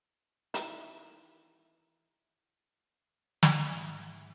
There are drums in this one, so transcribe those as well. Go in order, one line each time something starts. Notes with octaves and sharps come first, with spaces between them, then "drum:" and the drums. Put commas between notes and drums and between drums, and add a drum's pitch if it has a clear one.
D#3 E3 A#5, drum: hi-hat
drum: snare
G#2 E5 F#5